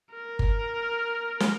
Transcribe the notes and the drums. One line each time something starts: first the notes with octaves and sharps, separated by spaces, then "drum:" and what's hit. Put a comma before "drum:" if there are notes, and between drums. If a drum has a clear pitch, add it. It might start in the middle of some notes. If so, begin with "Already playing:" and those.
A#4
drum: kick G1
drum: snare